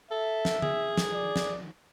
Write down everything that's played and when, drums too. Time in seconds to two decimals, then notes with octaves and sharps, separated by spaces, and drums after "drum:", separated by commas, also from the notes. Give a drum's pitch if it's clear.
0.11 A4 E5
0.45 drum: snare
0.62 G#4, drum: tom D3
0.97 drum: snare
1.13 D5
1.36 drum: snare